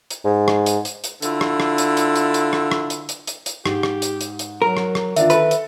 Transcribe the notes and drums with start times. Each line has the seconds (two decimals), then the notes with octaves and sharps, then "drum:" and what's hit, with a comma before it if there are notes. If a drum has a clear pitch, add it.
0.10 drum: hi-hat
0.25 G#2
0.48 drum: rim click
0.66 drum: hi-hat
0.85 drum: hi-hat
1.04 drum: hi-hat
1.22 D3 E4 F4, drum: hi-hat
1.41 drum: rim click
1.60 drum: rim click
1.78 drum: hi-hat
1.97 drum: hi-hat
2.16 drum: hi-hat
2.34 drum: hi-hat
2.53 drum: rim click
2.71 drum: rim click
2.90 drum: hi-hat
3.09 drum: hi-hat
3.27 drum: hi-hat
3.46 drum: hi-hat
3.66 G#2 G4, drum: rim click
3.83 drum: rim click
4.02 drum: hi-hat
4.21 drum: hi-hat
4.39 drum: hi-hat
4.62 F#3 A#4
4.77 drum: rim click
4.95 drum: rim click
5.16 D3 D#3 D4 F4 E5, drum: hi-hat
5.30 A4 B4, drum: hi-hat
5.51 drum: hi-hat